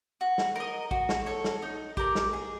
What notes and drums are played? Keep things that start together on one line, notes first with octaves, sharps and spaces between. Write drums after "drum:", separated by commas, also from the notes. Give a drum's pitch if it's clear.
F#4
drum: snare
A#4 D#5
F#4, drum: kick
drum: snare
A4 C#5
drum: snare
D#4
G4 A#4 D5, drum: kick
drum: snare
G#4